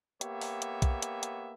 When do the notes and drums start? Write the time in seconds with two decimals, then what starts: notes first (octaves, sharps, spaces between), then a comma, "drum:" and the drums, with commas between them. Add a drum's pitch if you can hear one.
0.21 A#3 B3 G4 C#5 E5, drum: hi-hat
0.41 drum: open hi-hat
0.62 drum: hi-hat
0.82 drum: kick B1, hi-hat
1.02 drum: hi-hat
1.23 drum: hi-hat